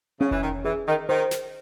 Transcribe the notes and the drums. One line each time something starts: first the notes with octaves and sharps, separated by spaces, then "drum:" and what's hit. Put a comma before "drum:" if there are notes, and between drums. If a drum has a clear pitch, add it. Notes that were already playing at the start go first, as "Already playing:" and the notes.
C#3 C#4
E3, drum: kick F1
D#3
E3 G#4
D#3
D#3 C5
drum: snare